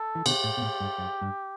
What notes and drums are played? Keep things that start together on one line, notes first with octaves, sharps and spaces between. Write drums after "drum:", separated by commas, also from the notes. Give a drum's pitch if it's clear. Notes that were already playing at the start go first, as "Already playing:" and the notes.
Already playing: A4
E3
B2 D3 G4, drum: cymbal
A2
B2
A2
G2
F#2
G2